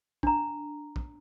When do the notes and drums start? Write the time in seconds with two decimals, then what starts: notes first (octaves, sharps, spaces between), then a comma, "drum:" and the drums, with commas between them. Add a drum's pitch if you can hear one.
0.23 D4 A#5, drum: kick
0.96 drum: kick